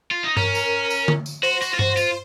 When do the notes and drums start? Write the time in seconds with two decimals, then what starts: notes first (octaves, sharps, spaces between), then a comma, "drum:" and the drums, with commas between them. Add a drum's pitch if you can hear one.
0.11 F4
0.24 D#4
0.37 C#4 A#4, drum: tom G2
0.55 drum: tambourine
0.90 drum: tambourine
1.08 drum: tom D3
1.26 drum: tambourine
1.43 F#4 C5
1.62 F#4, drum: tambourine
1.74 F4
1.79 F#4, drum: tom G2
1.97 F4, drum: tambourine